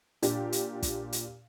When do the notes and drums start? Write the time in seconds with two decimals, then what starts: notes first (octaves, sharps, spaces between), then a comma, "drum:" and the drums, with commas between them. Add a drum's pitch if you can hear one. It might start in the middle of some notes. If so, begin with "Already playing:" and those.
0.22 A#2 D4 G4, drum: hi-hat
0.52 drum: hi-hat
0.82 drum: kick, hi-hat
1.12 drum: hi-hat